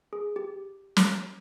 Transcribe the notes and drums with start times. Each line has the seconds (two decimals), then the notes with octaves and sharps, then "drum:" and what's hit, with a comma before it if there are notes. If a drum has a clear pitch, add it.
0.13 G#4
0.36 G4
0.97 drum: snare